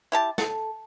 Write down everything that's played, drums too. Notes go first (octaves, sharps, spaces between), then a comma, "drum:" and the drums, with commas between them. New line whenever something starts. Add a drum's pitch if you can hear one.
E4 G4 A5
A4, drum: snare